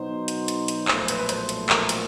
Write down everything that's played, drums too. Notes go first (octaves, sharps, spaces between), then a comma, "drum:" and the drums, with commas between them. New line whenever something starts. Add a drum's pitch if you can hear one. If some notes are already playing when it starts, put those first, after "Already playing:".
Already playing: B2 F#3 B3 D#4 C5
drum: hi-hat
drum: hi-hat
drum: hi-hat
B1 A#2 F3 A3 C5, drum: clap
C5
B4, drum: hi-hat
B4
C5, drum: hi-hat
drum: hi-hat
A#4, drum: clap
drum: hi-hat